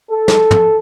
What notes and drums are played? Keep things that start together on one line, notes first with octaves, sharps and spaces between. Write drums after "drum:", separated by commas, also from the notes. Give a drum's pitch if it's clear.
A4
drum: snare
drum: tom